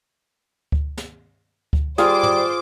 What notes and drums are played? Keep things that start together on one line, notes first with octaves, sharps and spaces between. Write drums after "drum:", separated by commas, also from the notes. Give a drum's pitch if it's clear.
drum: kick D2
drum: snare
drum: kick D2
G3 F4 G#4 C5 D6, drum: snare
drum: tom